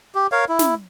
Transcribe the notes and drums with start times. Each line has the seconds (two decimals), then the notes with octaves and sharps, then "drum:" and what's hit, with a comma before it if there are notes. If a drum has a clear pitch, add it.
0.15 G4
0.32 A#4 C#5 F5
0.49 E4
0.59 drum: snare